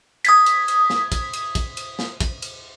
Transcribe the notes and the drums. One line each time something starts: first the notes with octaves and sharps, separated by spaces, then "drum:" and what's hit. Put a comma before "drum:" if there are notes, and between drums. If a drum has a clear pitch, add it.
D#6 G#6 B6, drum: cymbal
drum: cymbal
drum: cymbal
drum: snare
drum: kick, cymbal
drum: cymbal
drum: kick, cymbal
drum: cymbal
drum: snare
drum: kick, cymbal
drum: cymbal